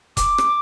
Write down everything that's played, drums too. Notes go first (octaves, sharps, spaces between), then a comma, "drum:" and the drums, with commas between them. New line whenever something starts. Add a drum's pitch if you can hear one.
D6, drum: kick E1, hi-hat
drum: rim click